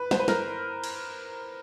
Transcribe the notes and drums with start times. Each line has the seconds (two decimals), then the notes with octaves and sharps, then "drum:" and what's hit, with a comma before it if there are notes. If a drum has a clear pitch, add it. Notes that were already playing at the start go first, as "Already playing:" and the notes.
Already playing: B4
0.11 C5, drum: snare
0.19 B4
0.28 A#4, drum: snare
0.84 drum: cymbal